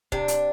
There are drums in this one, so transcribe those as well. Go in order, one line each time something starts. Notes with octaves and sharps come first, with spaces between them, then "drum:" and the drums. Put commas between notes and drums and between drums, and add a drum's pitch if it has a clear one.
C3 D4, drum: kick C#1
drum: hi-hat